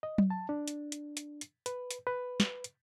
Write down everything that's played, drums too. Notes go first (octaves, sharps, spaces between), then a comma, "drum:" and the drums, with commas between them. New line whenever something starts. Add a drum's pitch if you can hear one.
D#5
drum: tom F#3
A5
D4
drum: hi-hat
drum: hi-hat
drum: hi-hat
drum: hi-hat
B4, drum: hi-hat
drum: hi-hat
B4
drum: snare
drum: hi-hat